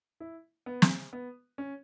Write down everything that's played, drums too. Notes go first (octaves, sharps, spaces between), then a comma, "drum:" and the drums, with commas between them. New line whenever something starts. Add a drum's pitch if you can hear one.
E4
B3
drum: snare
B3
C#4